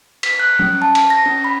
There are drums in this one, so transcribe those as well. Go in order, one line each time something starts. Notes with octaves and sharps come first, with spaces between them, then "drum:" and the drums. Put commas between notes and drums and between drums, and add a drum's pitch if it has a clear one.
B6, drum: cymbal
F#6
C#4, drum: tom
A5
drum: cymbal
A#6
C#4
B5